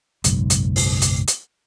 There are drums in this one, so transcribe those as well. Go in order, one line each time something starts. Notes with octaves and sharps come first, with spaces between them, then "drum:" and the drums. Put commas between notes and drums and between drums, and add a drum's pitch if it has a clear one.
F#1 B1 G#2, drum: hi-hat
drum: hi-hat
drum: open hi-hat
drum: hi-hat
drum: hi-hat